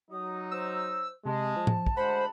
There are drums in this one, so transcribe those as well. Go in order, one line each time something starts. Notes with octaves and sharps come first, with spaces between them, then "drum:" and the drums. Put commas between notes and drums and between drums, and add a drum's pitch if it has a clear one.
F#3 D#4 D#6
C5 E6
C3 G#3 A5
F3
drum: tom A2
drum: kick
D2 G#3 C5 F#5 B5